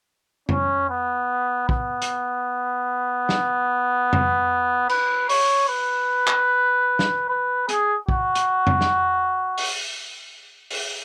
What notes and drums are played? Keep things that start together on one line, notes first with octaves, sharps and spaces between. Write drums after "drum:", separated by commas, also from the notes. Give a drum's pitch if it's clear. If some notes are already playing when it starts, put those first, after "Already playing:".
C#4, drum: tom F2
B3
B3, drum: kick
drum: hi-hat
drum: snare
drum: tom F2
B4, drum: cymbal
C#5, drum: open hi-hat
B4
drum: clap
drum: snare
B4
G#4, drum: hi-hat
F#4, drum: kick
drum: hi-hat
drum: tom F2
drum: snare
drum: open hi-hat
drum: open hi-hat